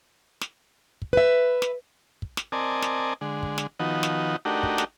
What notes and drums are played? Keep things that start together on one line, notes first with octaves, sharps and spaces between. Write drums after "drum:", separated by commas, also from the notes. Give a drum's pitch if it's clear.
drum: snare
drum: kick
B4 E5
drum: snare
drum: kick
drum: snare
C4 A#4 D5 D#5 G#5 A5
drum: snare
D3 G#3
drum: kick
drum: snare
D#3 F3 B3 D#4 F#4
drum: snare
A3 D4 D#4 F#4 G4 A#4
drum: kick
drum: snare